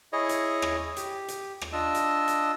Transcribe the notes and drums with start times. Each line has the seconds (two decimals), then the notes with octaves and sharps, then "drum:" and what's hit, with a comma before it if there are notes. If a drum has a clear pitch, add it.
0.13 E4 G#4 C#5 D#5
0.29 drum: hi-hat
0.62 drum: rim click
0.96 G4, drum: hi-hat
1.28 drum: hi-hat
1.61 drum: rim click
1.73 D4 F4 D#5 E6
1.95 drum: hi-hat
2.28 drum: hi-hat